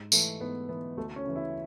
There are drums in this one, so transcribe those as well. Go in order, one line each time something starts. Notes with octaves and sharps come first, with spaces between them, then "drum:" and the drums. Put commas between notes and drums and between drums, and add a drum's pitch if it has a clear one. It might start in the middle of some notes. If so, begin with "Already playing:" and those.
Already playing: G#2
E3 A3, drum: tambourine
G#2 B3
E3 B3
D2 A3
C#4
C#3 E3
E4